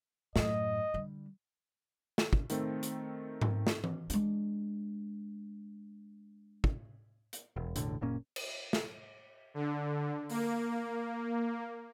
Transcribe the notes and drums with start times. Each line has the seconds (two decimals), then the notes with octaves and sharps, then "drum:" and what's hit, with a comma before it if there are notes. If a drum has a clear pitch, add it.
0.36 F#2 A2 D#5, drum: snare
0.94 D3 G3
2.18 drum: snare
2.33 drum: kick
2.50 D#3 A3 C4 A4, drum: hi-hat
2.83 drum: hi-hat
3.41 drum: tom G#2
3.67 drum: snare
3.84 drum: tom E3
4.10 G#3 D4, drum: hi-hat
6.64 drum: kick
7.33 drum: hi-hat
7.56 E1
7.76 E1 A1 A2 D3, drum: hi-hat
8.01 F#1 A#2 A#3 C#4
8.36 drum: cymbal
8.73 drum: snare
9.54 D3
10.30 A#3, drum: open hi-hat